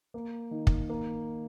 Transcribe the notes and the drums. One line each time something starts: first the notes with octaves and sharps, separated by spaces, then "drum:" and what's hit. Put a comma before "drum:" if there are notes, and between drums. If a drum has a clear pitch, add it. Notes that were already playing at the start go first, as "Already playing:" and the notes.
A#3
D#3
drum: kick
A#3